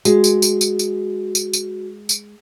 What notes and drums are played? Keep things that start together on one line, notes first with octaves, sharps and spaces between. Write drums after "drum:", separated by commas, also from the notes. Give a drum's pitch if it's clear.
G#3 F#4, drum: tambourine
drum: tambourine
drum: tambourine
drum: tambourine
drum: tambourine
drum: tambourine
drum: tambourine
drum: tambourine